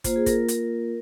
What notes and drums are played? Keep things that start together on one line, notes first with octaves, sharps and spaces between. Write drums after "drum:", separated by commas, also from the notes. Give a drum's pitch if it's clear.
A#3 F4 C5, drum: kick, hi-hat
G#4
A#4, drum: kick, hi-hat
A#3 F4, drum: hi-hat